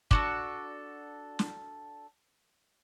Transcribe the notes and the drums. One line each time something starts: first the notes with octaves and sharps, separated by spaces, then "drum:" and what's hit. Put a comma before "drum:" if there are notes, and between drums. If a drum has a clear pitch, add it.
D4 F#4 A4, drum: kick
drum: snare